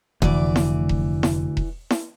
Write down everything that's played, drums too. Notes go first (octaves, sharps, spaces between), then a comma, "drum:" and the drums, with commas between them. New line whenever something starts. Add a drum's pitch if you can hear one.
F1 D2 E3 D5, drum: kick E1
drum: snare E4
drum: kick E1
drum: snare E4
drum: kick E1
drum: snare E4